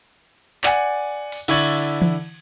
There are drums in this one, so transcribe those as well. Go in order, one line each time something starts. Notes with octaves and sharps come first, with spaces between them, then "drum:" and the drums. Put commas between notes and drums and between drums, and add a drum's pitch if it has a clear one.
D5 F#5 G#5, drum: clap
drum: open hi-hat
D3 E4 D5 C#6 G#6 F#7, drum: cymbal
drum: tom E3